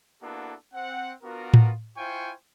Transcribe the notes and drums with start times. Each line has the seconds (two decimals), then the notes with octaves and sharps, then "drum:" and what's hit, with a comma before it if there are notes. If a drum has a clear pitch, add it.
0.21 A#3 B3 D4 E4 F#4 A4
0.74 C4 F#5
1.23 B3 D4 F4 F#4 A#4
1.54 drum: tom A2
1.97 E4 F4 C5 G5 G#5 C#6